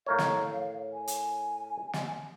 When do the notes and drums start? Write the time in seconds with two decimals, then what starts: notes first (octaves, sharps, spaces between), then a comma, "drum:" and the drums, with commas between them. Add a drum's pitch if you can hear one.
0.06 A2 A#4 C#5 F5
0.18 drum: snare
0.92 G#5
1.08 drum: hi-hat
1.93 drum: snare